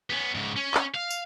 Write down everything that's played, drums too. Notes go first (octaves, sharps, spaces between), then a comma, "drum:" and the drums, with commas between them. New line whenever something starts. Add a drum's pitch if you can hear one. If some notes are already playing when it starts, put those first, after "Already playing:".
B3 C#4
G#2 C#3
C#4
drum: clap
F5
drum: tambourine